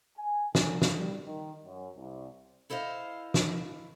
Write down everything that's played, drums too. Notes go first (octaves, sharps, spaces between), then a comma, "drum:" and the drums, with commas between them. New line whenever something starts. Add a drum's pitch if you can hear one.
G#5
C2, drum: snare
drum: snare
G3
D#3
F#2
C2
E4 A4 C5 D#5 F5
drum: snare